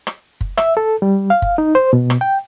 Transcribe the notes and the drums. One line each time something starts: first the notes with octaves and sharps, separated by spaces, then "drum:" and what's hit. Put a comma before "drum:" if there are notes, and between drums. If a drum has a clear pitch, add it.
drum: rim click
drum: kick
E5, drum: rim click
A4
G3
F5
drum: kick
D#4
C5
B2
drum: rim click
G5